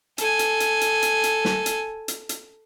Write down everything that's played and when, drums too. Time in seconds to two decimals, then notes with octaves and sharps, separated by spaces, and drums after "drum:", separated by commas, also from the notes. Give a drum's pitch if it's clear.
0.18 A4 G#5, drum: hi-hat
0.39 drum: hi-hat
0.60 drum: hi-hat
0.81 drum: hi-hat
1.02 drum: hi-hat
1.24 drum: hi-hat
1.45 drum: snare
1.66 drum: hi-hat
2.08 drum: hi-hat
2.29 drum: hi-hat